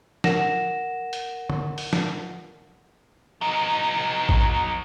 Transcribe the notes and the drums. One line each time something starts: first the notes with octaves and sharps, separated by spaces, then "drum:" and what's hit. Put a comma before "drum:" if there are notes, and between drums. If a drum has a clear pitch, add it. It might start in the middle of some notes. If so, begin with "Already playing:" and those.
A#4 F#5 A#6 E7, drum: snare
drum: hi-hat
drum: tom
drum: open hi-hat
drum: snare
F#3 D#4
drum: kick A1